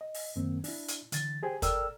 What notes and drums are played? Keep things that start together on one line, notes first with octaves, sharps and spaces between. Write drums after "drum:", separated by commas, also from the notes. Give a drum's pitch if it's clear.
D#5
drum: open hi-hat
F#2 D#3 A#3 C4
D4 E4, drum: open hi-hat
drum: hi-hat
D3 E3 A6, drum: hi-hat
G4 G#4 C5 G5 G#5
A4 A#4 D5 G5 E6 F6, drum: kick, hi-hat